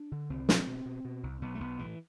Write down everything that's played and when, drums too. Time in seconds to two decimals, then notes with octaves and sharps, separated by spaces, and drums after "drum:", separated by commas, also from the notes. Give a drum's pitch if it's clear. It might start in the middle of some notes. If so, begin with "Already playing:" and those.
Already playing: D4
0.12 D3
0.30 C2 C4
0.49 B2, drum: snare
0.67 B2
0.86 B2
1.05 B2
1.23 C2
1.41 B1 B3
1.55 A3
1.60 B1 B3
1.79 A2 E3